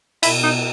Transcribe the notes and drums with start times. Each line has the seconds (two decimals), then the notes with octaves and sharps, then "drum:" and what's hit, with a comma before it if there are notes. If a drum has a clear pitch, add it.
0.23 B2 E4, drum: cymbal
0.44 D#4